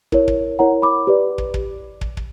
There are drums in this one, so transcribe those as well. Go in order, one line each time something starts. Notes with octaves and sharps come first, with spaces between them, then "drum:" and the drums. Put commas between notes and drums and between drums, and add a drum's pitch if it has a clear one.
E4 A#4 C#5, drum: kick
drum: kick
E4 A#4 C#5 F#5 A#5
B5 D6
G4 B4 D5
drum: kick
drum: kick
drum: kick
drum: kick